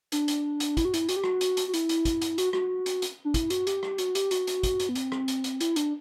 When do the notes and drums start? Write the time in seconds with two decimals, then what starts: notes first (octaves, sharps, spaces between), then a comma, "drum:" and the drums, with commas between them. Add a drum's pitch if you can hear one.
0.12 D4, drum: hi-hat
0.28 drum: hi-hat
0.60 drum: hi-hat
0.77 E4, drum: kick, hi-hat
0.85 F#4
0.94 E4, drum: hi-hat
1.09 F#4, drum: hi-hat
1.16 G4
1.24 F#4, drum: rim click
1.41 drum: hi-hat
1.57 drum: hi-hat
1.68 F#4
1.74 E4, drum: hi-hat
1.89 drum: hi-hat
2.05 drum: kick, hi-hat
2.22 drum: hi-hat
2.38 F#4, drum: hi-hat
2.53 F#4, drum: rim click
2.86 drum: hi-hat
3.02 drum: hi-hat
3.25 D4
3.34 E4, drum: kick, hi-hat
3.50 F#4, drum: hi-hat
3.67 G4, drum: hi-hat
3.83 drum: rim click
3.98 F#4, drum: hi-hat
4.15 G4, drum: hi-hat
4.31 F#4, drum: hi-hat
4.47 drum: hi-hat
4.63 drum: kick, hi-hat
4.80 drum: hi-hat
4.89 B3
4.95 C4, drum: hi-hat
5.12 drum: rim click
5.28 drum: hi-hat
5.44 drum: hi-hat
5.60 E4, drum: hi-hat
5.76 D4, drum: hi-hat